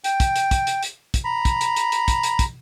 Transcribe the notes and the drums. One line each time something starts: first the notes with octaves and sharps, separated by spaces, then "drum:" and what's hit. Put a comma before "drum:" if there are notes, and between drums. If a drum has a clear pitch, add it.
G5, drum: hi-hat
drum: kick, hi-hat
drum: hi-hat
drum: kick, hi-hat
drum: hi-hat
drum: hi-hat
drum: kick, hi-hat
A#5 B5
drum: kick, hi-hat
drum: hi-hat
drum: hi-hat
drum: hi-hat
drum: kick, hi-hat
drum: hi-hat
drum: kick, hi-hat